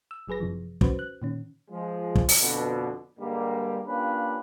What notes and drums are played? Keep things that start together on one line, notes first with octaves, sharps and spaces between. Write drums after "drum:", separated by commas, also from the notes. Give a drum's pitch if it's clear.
E6
G1 F#3 G#4 B4 A#6
F#2 C3 E3 F3
C#4 F#4 B4 C5, drum: kick
F#6
A#2 D#3 C#4
F3 G#3
drum: kick
drum: open hi-hat
F2 B2 D3
G2 D3 G3 G#3 A#3
A#3 C#4 D4 F4 G4 B4